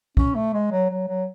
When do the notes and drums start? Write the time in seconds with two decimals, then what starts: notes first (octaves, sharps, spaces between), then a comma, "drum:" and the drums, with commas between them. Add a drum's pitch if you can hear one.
0.17 C#4, drum: kick
0.35 A3
0.53 G#3
0.71 F#3
0.90 F#3
1.08 F#3